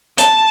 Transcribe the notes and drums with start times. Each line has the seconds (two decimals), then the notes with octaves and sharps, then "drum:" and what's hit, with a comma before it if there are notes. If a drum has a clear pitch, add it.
0.18 A5, drum: hi-hat